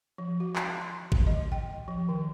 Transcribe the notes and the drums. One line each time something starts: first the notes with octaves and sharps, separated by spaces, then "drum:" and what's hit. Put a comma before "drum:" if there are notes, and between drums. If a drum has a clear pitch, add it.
F3
F#4
drum: clap
C6
drum: kick G#1
D#5
G5
F3
D#3